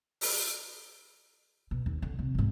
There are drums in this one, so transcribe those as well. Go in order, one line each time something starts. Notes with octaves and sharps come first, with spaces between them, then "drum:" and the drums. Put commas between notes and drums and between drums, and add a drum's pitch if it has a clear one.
drum: open hi-hat
B2
D#2
D3
C3
G#1 G#2